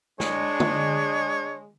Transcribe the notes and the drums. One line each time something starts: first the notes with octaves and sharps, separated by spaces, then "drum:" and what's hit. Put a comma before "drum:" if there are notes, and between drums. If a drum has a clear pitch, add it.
G#3 D4 C#5, drum: snare
drum: tom